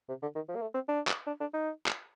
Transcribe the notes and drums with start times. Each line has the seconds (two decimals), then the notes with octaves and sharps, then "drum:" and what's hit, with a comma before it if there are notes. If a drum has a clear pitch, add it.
0.09 C3
0.22 D3
0.35 D#3
0.48 F3
0.56 A#3
0.61 A3
0.74 C4
0.88 D4
1.07 drum: clap
1.27 D4
1.41 D4
1.54 D#4
1.86 drum: clap